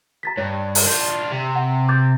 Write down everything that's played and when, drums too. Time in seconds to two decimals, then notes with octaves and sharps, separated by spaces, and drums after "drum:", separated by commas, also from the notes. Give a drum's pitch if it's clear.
0.23 A#5 A6 B6
0.37 G2 C#5
0.75 drum: open hi-hat
0.86 D4 F4 G6
1.31 C3
1.55 F#5
1.89 D6 G6 A6